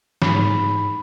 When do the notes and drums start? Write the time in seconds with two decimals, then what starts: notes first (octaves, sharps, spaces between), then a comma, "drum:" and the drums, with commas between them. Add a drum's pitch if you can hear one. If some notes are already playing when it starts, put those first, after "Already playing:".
0.22 G#2 B5, drum: snare